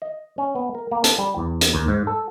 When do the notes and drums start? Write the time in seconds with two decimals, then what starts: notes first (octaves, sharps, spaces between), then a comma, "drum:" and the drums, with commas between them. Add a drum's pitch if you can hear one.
0.02 D#5
0.38 C#4
0.55 B3
0.75 A#4
0.91 A#3
1.04 A4, drum: hi-hat
1.18 G3
1.37 E2
1.61 drum: hi-hat
1.74 D#2
1.88 G#2
2.07 A4